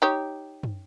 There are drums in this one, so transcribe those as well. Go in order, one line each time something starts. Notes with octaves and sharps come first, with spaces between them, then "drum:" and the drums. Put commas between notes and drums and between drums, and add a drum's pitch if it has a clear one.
D#4 G4 C#5
drum: tom